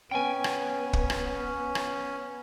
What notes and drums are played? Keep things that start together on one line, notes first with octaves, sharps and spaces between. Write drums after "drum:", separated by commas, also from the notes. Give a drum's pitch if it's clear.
B3 C#4 G5 G#5
drum: rim click
drum: kick
drum: rim click
drum: rim click